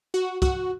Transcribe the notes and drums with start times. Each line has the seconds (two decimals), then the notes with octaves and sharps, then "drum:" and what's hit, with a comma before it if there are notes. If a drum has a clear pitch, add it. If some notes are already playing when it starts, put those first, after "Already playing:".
0.14 F#4
0.42 F#4, drum: kick